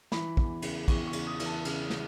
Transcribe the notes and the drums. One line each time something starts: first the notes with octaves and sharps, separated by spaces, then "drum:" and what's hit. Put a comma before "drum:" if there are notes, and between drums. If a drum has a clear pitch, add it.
E3 B5, drum: snare
E2, drum: kick
C#3, drum: cymbal
E2 C#6, drum: kick, cymbal
C#6
C#3, drum: cymbal
D#6
E3, drum: cymbal
A5
C#3, drum: cymbal
drum: snare